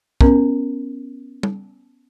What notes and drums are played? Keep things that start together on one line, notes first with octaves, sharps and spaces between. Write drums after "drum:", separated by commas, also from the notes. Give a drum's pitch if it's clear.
B3 C#4 A#4, drum: kick
drum: tom